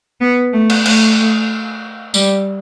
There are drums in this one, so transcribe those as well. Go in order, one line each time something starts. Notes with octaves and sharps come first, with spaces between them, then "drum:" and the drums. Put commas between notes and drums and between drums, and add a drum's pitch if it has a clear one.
B3
A3
drum: cymbal
A3, drum: cymbal
G3, drum: tambourine